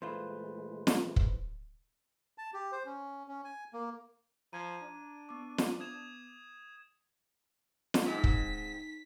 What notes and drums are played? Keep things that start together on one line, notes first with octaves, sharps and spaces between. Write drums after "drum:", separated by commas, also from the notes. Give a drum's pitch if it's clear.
A#2 E3 G#3 A3 F4 B4 C5
drum: snare
drum: kick
A5
G4
C5
C#4
C#4
G#5
A#3
F3 A#5 G#6 D#7
D4
B3 D6
drum: snare
D#6 G#6 E7
drum: snare
G#2 G#3 C4 D#4 B6
drum: kick